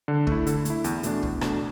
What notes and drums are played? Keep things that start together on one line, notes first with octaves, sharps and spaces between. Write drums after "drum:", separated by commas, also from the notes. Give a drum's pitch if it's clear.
D3
A3 E4, drum: kick
D3, drum: hi-hat
A3 E4, drum: hi-hat
E2, drum: hi-hat
B2 A3 D4, drum: hi-hat
E2, drum: kick
B2 A3 D4, drum: rim click